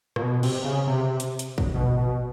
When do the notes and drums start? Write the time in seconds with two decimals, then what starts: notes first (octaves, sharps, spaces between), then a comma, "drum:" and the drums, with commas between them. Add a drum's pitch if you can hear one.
0.16 A#2, drum: rim click
0.21 B2
0.43 C3, drum: cymbal
0.64 C#3
0.87 C3
1.20 drum: hi-hat
1.39 drum: hi-hat
1.58 drum: kick
1.74 B2
1.97 B2